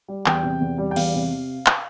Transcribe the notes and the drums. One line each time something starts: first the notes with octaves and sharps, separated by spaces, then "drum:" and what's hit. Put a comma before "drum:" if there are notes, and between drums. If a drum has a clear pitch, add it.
G3
E2 G5, drum: clap
C3
E2
G3
G5
E2 F5, drum: cymbal
C3
drum: clap